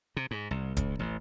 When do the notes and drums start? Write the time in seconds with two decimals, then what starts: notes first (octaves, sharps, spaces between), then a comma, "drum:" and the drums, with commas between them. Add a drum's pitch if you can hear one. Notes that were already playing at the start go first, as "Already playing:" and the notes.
0.16 C3
0.31 G#2
0.51 C2
0.77 C#2, drum: kick D1, hi-hat
0.99 A1